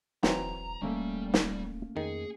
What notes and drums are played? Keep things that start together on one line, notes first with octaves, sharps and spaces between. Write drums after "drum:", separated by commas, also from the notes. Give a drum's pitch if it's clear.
E1 E3 F#3 C4 A#5, drum: snare
D1 G3 A3 A#3 C#4
drum: snare
F2 D#3 G#4 C#7